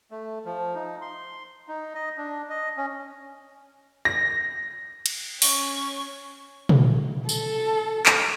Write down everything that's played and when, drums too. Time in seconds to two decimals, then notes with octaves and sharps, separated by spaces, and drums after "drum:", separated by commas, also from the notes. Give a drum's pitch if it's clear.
0.11 A3
0.45 F3
0.75 D#4
1.02 C6
1.68 D#4
1.95 D#5
2.18 D4
2.50 D#5
2.77 C#4
4.05 A#6
5.06 drum: cymbal
5.42 C#4 C#6, drum: open hi-hat
6.69 drum: tom
7.29 A4, drum: tambourine
8.06 drum: clap